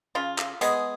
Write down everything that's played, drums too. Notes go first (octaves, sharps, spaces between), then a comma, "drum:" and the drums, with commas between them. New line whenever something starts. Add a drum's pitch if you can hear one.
C#3 F4
drum: clap
G#3 B3 G#4, drum: hi-hat